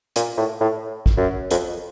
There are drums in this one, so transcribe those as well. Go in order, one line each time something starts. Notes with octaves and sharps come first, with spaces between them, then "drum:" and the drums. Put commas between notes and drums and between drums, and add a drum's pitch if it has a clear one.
A#2, drum: hi-hat
A2
A2
drum: kick
F#2
F2, drum: hi-hat